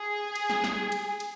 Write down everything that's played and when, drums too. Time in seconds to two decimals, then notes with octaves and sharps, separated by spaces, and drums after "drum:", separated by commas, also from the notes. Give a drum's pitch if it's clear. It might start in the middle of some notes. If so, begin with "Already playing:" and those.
Already playing: G#4
0.35 drum: cymbal
0.50 drum: snare
0.64 drum: snare
0.92 drum: cymbal
1.20 drum: cymbal